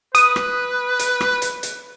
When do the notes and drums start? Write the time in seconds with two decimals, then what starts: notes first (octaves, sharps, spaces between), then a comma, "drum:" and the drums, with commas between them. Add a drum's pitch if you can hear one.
0.15 B4 D#6, drum: hi-hat
0.36 drum: rim click
0.99 drum: hi-hat
1.21 drum: rim click
1.42 drum: hi-hat
1.63 drum: hi-hat